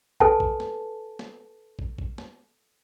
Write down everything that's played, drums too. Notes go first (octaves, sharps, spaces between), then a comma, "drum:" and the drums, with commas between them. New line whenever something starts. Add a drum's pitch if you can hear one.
A4 B4 G#5 A5, drum: kick
drum: kick
drum: snare
drum: snare
drum: kick
drum: kick
drum: snare